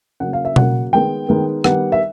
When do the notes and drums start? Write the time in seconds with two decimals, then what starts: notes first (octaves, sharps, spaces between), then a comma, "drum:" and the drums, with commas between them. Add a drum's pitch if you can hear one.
0.20 C#3 F#3 A#3 F#5
0.33 F5
0.45 E5
0.56 C#3 F#3 A#3 F#5, drum: tom B2
0.93 D#3 G#3 B3 G5
1.29 D#3 G#3 B3
1.64 D#3 G3 B3 F#5, drum: rim click
1.92 E5